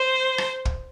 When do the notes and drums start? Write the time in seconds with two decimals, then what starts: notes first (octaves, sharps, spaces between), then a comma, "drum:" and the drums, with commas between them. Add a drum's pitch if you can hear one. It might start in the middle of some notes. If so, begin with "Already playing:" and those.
Already playing: C5
0.38 drum: rim click
0.65 drum: kick